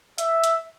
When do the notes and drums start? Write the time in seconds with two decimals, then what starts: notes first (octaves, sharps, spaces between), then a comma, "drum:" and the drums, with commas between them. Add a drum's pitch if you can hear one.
0.18 E5, drum: hi-hat
0.44 drum: hi-hat